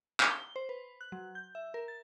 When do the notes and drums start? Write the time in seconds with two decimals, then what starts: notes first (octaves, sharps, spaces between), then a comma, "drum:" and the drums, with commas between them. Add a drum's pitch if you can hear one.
0.20 drum: clap
0.31 G7
0.56 C5
0.69 B4
1.01 F#6
1.12 F#3
1.35 G6
1.55 E5
1.74 A#4
1.88 A6